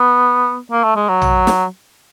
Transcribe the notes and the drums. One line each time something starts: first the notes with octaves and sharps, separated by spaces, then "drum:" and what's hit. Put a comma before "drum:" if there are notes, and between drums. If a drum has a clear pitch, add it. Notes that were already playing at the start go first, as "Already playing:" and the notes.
Already playing: B3
A#3
A3
G#3
F#3
drum: tom A#1
drum: snare